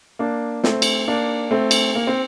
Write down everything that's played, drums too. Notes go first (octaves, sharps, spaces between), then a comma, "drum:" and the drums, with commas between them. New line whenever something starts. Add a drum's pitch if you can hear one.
A#3 D4
A3 C4, drum: snare
drum: cymbal
A#3 D4
A3 C4
drum: cymbal
A#3
C4